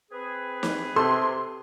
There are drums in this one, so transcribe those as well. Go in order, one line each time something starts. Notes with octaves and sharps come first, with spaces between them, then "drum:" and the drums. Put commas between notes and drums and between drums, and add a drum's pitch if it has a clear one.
C4 G#4 B4
drum: snare
C3 A4 C6